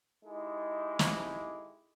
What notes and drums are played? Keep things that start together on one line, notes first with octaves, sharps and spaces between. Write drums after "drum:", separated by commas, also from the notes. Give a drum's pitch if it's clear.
G#3 D#4 E4 G4 A4
drum: snare